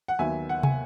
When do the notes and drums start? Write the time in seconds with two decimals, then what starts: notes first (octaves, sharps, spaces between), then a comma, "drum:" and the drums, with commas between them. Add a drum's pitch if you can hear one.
0.08 F#5
0.19 D#2 D#3 F#3 B3 E5 G#5
0.49 F#5
0.63 G#5, drum: tom